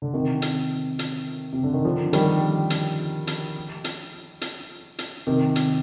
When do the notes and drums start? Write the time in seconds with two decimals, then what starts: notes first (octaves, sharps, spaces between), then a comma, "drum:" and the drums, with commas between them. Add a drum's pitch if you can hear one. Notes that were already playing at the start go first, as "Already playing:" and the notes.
0.02 D3
0.14 C3 D#3
0.42 drum: hi-hat
0.99 drum: hi-hat
1.53 C3
1.63 D3
1.74 D#3
1.85 D3 F3
2.13 D#3 G3, drum: hi-hat
2.70 drum: hi-hat
3.27 drum: hi-hat
3.84 drum: hi-hat
4.41 drum: hi-hat
4.99 drum: hi-hat
5.27 C3 D#3
5.56 drum: hi-hat